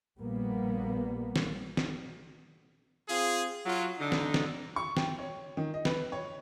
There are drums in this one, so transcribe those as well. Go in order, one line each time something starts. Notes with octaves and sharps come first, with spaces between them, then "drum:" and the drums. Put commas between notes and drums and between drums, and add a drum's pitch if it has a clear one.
A#1 G3 A#3 B3
drum: snare
drum: snare
C4 F4 G#4
F#3 F4
D3 D#4
drum: snare
drum: snare
C#6
G5, drum: snare
C#5
D#3
D#5
B4, drum: snare
C#5